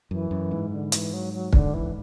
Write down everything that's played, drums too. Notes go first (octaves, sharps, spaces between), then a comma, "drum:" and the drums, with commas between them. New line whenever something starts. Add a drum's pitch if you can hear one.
F#2 E3
F#2
G#2
D3
E3, drum: hi-hat
F#3
F#3
D3, drum: kick
E3